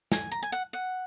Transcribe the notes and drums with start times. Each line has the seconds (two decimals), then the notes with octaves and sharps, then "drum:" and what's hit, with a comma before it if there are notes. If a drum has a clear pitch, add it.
0.12 G#5, drum: snare
0.31 A#5
0.43 G#5
0.52 F#5
0.73 F#5